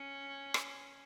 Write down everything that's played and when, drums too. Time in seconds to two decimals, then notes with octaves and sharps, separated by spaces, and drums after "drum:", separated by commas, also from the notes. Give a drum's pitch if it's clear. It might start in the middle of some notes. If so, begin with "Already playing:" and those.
Already playing: C#4
0.54 drum: rim click